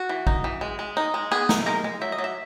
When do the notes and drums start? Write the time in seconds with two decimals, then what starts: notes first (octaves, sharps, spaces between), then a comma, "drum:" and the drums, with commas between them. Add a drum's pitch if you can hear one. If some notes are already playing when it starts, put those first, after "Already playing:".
Already playing: F#4
0.09 E3
0.27 D#4, drum: kick
0.44 E3
0.61 G#3
0.79 G#3
0.97 D#4
1.14 G#3
1.31 B3 G#4
1.49 D#4, drum: snare
1.66 G#3 A#4
1.84 G#3
2.01 F#3 E5
2.12 D#5
2.18 F#3
2.24 E5